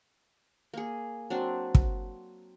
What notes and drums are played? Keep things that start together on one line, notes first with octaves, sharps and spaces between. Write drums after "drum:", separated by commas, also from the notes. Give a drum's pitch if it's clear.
A#3 G#4
F#3 C4 D4
drum: kick